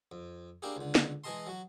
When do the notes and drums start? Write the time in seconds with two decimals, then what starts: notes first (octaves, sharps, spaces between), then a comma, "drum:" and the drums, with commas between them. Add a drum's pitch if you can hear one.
0.12 F2
0.62 A#3 D4 E4 G4 G#4
0.77 C#2 D3
0.95 drum: snare
1.24 E3 G#3 G#4 D#5 A5 C6
1.47 F#3 F#4